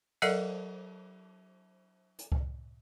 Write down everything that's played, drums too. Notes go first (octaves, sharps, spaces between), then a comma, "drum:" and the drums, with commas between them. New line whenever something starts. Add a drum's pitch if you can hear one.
F#3 A4 A#4 D5 D#5 F#5, drum: cymbal
drum: hi-hat
drum: kick C#2